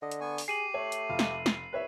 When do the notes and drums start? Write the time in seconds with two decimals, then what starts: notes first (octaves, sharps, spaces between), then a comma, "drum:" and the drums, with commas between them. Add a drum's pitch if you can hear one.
0.02 D3 D#5
0.11 drum: hi-hat
0.21 B3 G#5 C#6
0.38 drum: open hi-hat
0.48 G4 G#4 C7 D#7 F#7
0.74 A3 C#5
0.92 drum: hi-hat
1.10 F1 F5
1.19 drum: snare
1.46 drum: snare
1.73 C2 B4 C#5 E5